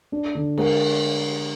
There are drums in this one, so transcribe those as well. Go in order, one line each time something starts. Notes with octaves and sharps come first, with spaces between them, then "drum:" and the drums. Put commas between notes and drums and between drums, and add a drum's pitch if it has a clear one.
D4
D3
G#3 A#4, drum: cymbal